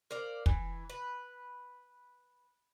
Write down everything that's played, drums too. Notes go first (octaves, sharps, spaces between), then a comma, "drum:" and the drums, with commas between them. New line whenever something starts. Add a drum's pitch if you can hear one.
A#4 C5 D5 F5
E3, drum: kick
B4